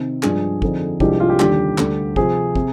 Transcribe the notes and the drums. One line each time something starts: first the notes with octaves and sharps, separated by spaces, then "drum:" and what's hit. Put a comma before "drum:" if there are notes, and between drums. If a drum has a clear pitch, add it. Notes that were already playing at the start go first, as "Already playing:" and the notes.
Already playing: C3 D#3 C4
G2 F3 G#3 D4 G#4, drum: clap
F2 D3 F3 C4 D#4, drum: kick
C2 C3 F3 G#3 D4 G4, drum: kick
F4
G4
D#2 D3 G3 D4 G4, drum: clap
D2 D3 G3 D4, drum: clap
C3 F3 C4 G#4, drum: kick
C3, drum: kick